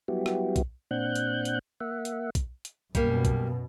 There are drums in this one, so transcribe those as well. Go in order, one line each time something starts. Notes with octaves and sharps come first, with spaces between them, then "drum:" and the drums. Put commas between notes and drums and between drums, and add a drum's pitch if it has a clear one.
F#3 G3 B3 E4 F#4 G4
drum: rim click
drum: kick, hi-hat
A#2 C4 D4 F#5 F#6 G6
drum: hi-hat
drum: hi-hat
A#3 E5 F#5
drum: hi-hat
drum: kick, hi-hat
drum: hi-hat
F#2 B2 G3 A#3, drum: kick, hi-hat
drum: kick, hi-hat